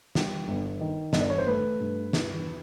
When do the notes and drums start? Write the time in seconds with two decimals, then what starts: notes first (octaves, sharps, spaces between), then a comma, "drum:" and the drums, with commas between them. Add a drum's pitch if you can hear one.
0.15 G3, drum: snare
0.48 G1
0.81 D#3
1.13 G1 D#5, drum: snare
1.21 D5
1.30 C#5
1.38 C5
1.47 A3 B4
1.80 G2
2.13 E3, drum: snare